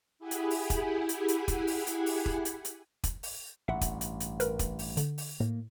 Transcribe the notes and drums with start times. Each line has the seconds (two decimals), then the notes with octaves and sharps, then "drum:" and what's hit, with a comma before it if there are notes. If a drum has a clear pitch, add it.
0.19 E4 G4 G#4 F#5 G#5 B5
0.31 drum: hi-hat
0.50 drum: open hi-hat
0.70 drum: kick, hi-hat
1.09 drum: hi-hat
1.28 drum: hi-hat
1.48 drum: kick, hi-hat
1.67 drum: open hi-hat
1.87 drum: hi-hat
2.06 drum: open hi-hat
2.26 drum: kick
2.45 drum: hi-hat
2.65 drum: hi-hat
3.04 drum: kick, hi-hat
3.23 drum: open hi-hat
3.68 A1 G2 E5 F#5
3.81 drum: kick, hi-hat
4.01 drum: hi-hat
4.20 drum: hi-hat
4.40 A#4 B4, drum: hi-hat
4.59 drum: kick, hi-hat
4.79 drum: open hi-hat
4.97 D3, drum: hi-hat
5.18 drum: open hi-hat
5.40 A2 A#3